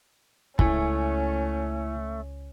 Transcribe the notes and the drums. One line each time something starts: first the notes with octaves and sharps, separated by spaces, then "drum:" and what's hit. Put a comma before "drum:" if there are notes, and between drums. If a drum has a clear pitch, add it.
C#2 A3 C#4 E4 G#5, drum: kick